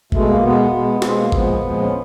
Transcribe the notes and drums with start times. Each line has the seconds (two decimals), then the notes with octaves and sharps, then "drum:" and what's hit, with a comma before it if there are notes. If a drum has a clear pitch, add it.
0.12 B2 G#3 A3, drum: kick G#1
0.28 A#3
0.43 B2 G#3 B3
0.73 B2 G#3
1.02 B2 G#3 C4, drum: snare
1.17 A#3
1.32 A#2 F3 G#3 B3, drum: kick G#1
1.63 A#2 F3 G#3
1.81 C#4